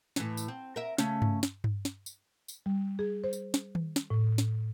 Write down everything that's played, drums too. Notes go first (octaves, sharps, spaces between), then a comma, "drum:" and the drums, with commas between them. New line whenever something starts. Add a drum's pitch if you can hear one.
A2 E3, drum: snare
drum: tambourine
C4
A#4 E5
C#3 A3 C#4, drum: snare
drum: tom G2
drum: snare
drum: tom G2
drum: snare
drum: tambourine
drum: tambourine
G3
G#4
C5
drum: tambourine
drum: snare
drum: tom D#3
drum: snare
A2
drum: snare